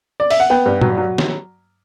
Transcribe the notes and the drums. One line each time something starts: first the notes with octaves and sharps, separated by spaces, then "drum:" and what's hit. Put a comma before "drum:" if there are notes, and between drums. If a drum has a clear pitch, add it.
D5
E5, drum: open hi-hat
F#5
B3 G5
G2
F#3, drum: tom
F#3
drum: snare